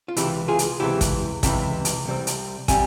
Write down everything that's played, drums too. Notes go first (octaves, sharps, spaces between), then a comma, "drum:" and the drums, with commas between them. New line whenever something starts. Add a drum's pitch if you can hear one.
F4
C#2 C3 E3 E4 G4, drum: hi-hat
F4 G#4
drum: hi-hat
C#2 C3 E3 E4 G4
drum: kick, hi-hat
C#2 C3 E3, drum: kick, hi-hat
drum: hi-hat
C2 C3 G3 C4
drum: hi-hat
C3 G3 C4 F5 G#5, drum: kick, hi-hat